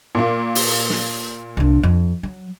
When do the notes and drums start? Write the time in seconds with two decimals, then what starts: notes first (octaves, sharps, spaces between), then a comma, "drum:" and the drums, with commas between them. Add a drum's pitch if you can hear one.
0.15 A#2 A#3
0.55 drum: open hi-hat
0.90 drum: snare
1.57 C2 D4
1.83 F2
2.23 F#3